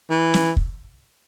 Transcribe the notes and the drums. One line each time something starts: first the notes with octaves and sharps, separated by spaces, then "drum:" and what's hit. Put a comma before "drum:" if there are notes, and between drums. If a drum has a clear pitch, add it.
E3
drum: snare
drum: kick